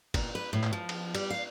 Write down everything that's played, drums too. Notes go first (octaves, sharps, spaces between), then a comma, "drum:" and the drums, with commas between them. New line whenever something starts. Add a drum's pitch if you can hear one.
A#2, drum: kick, cymbal
B4
A2
drum: clap
F3
drum: cymbal
G3, drum: cymbal
F5